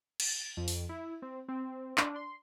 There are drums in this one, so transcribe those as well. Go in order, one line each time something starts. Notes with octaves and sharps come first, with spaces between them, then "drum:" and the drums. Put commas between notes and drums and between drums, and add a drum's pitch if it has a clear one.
A6, drum: cymbal
F2
drum: open hi-hat
E4
C4
C4
D4, drum: clap
C6